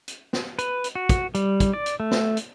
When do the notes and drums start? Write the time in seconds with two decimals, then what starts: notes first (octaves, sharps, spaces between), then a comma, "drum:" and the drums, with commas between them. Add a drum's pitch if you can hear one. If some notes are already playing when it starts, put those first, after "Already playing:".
0.08 drum: hi-hat
0.33 drum: snare
0.59 B4, drum: hi-hat
0.84 drum: hi-hat
0.95 F#4
1.09 drum: kick, hi-hat
1.35 G3, drum: hi-hat
1.60 drum: kick, hi-hat
1.74 D5
1.86 drum: hi-hat
2.00 A3
2.11 drum: snare
2.37 drum: hi-hat